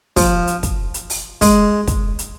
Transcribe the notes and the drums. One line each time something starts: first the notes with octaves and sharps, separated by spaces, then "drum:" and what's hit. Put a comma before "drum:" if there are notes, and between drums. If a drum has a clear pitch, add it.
F3, drum: kick, open hi-hat
drum: hi-hat
drum: kick, hi-hat
drum: hi-hat
drum: open hi-hat
G#3, drum: kick, open hi-hat
drum: kick, hi-hat
drum: hi-hat